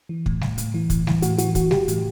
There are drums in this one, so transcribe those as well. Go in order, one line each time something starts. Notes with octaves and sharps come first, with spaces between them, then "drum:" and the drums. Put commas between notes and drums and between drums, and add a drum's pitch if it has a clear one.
E3
A2, drum: kick
A2, drum: snare G3
A2, drum: hi-hat
E3
A2, drum: kick, hi-hat
E3, drum: snare G3
A2 F#4, drum: hi-hat
E3 F#4, drum: hi-hat
E3 F#4, drum: kick, hi-hat
E3 G4, drum: snare G3
A2, drum: hi-hat